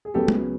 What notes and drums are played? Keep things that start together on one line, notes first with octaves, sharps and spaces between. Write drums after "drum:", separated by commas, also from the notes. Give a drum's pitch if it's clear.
G#4
C#2 C#3 F#3 B3 G4 A4
drum: tom